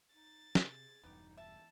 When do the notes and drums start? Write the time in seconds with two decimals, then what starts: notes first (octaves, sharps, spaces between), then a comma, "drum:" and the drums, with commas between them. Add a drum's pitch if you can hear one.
0.15 D#4 A6
0.55 C3 G#4 G#5, drum: snare
1.04 E1 E2 G2 B3 D#4 G4
1.37 E5 A5